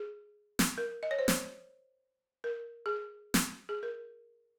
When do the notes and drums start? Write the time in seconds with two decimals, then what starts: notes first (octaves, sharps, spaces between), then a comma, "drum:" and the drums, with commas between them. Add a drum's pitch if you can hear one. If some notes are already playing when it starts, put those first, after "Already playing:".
Already playing: G#4
0.59 drum: snare
0.78 A#4
1.03 D#5
1.11 C#5
1.19 C5
1.28 drum: snare
2.44 A#4
2.86 G#4
3.34 drum: snare
3.69 G#4
3.83 A#4